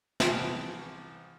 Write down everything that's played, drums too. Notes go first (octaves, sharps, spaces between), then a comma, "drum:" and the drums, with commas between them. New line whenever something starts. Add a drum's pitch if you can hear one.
C2 E3 F3 G#4 G5 G#5, drum: snare